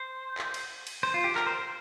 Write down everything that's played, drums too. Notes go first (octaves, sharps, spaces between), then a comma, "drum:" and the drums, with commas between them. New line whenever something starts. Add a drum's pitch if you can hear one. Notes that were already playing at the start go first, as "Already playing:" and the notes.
Already playing: C5
drum: clap
drum: cymbal
drum: cymbal
C5
F4
G4
A#4, drum: clap
C5